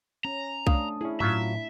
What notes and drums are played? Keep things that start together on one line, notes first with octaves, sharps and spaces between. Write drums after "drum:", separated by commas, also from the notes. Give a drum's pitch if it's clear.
C#4 A#5
A3 D4 F5 D#6, drum: kick C2
C#4 E4 G#4
A2 F#3 C#4 F4 E5, drum: tom G2